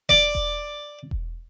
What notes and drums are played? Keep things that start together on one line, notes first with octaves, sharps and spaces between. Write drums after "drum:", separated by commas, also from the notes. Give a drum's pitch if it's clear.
D5, drum: kick E1
drum: kick E1
drum: kick E1